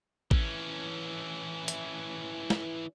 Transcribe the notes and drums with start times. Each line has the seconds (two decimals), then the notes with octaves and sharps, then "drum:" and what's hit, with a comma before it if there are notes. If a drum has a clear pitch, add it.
0.31 E3 C#4, drum: kick
1.68 drum: hi-hat
2.50 drum: snare